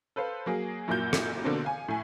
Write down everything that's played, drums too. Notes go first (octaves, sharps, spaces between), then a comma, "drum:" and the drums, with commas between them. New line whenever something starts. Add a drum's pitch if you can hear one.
A4 B4 C5 F5
F#3 A#3 G#4
F#2 A#2 A#3 E4 F#4 G6
drum: rim click
B2 D3 A#3 C4 D4
F5 G#5
A2 G#5